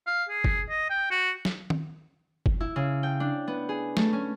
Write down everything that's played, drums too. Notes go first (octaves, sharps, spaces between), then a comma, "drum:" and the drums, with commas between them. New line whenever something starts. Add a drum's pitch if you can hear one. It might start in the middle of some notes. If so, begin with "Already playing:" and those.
F5
G#4
drum: kick
D#5
G5
F#4
drum: snare
drum: tom D#3
drum: kick
E4
C#3
G5
D4
B3
G#4
A3, drum: snare
C#4